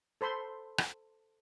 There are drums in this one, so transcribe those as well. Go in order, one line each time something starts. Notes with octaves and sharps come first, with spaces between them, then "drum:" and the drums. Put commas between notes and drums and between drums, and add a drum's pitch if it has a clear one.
A4 C5 B5 C6
drum: rim click